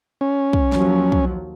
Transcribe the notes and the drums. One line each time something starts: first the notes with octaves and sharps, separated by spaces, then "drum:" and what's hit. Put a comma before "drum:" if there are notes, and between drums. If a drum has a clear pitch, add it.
C#4
drum: kick
D#2 F3 F#3, drum: snare
drum: kick